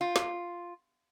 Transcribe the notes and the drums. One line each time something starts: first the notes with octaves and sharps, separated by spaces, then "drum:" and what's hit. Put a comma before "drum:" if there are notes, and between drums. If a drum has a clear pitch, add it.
F4
drum: snare